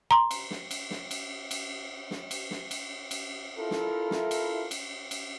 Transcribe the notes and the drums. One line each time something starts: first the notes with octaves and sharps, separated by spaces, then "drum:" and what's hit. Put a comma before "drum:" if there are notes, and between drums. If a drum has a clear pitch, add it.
A#5 C6
drum: cymbal
drum: snare
drum: cymbal
drum: snare
drum: cymbal
drum: cymbal
drum: snare
drum: cymbal
drum: snare
drum: cymbal
drum: cymbal
E4 F4 A4 A#4
drum: snare
drum: snare
drum: cymbal
drum: cymbal
drum: cymbal